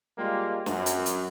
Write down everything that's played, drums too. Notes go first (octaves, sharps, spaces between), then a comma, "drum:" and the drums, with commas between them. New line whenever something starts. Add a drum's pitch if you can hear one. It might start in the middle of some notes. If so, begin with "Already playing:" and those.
G3 G#3 A#3 F4
F#2, drum: snare
drum: hi-hat
drum: hi-hat